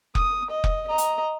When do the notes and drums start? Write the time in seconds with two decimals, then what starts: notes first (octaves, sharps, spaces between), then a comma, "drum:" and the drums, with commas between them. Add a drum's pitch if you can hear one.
0.15 D#6, drum: kick F1
0.50 D#5
0.64 drum: kick F1
0.87 D#5 A#5
0.98 drum: hi-hat